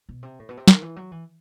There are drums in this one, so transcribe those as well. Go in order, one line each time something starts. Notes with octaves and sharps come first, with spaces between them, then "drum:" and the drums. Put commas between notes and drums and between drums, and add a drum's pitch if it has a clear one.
B2
C3
A2
B2
C3
D#3, drum: snare
E3
F#3
E3